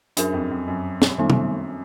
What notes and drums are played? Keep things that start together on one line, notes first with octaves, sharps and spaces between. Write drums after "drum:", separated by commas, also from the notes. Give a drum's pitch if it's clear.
F#2 D4 F#4 A#4, drum: hi-hat
F2
F2
F#2
drum: snare
D#3 G3 B3 D#4
drum: tom